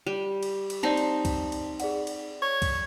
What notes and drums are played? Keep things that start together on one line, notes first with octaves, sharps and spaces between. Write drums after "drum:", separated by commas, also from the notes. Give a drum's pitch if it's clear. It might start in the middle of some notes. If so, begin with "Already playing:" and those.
G3
drum: cymbal
drum: cymbal
C4 D#4 C5 D5 A5
drum: cymbal
drum: kick C2, cymbal
drum: cymbal
G#4 D5 F#5, drum: cymbal
drum: cymbal
C#5
drum: kick C2, cymbal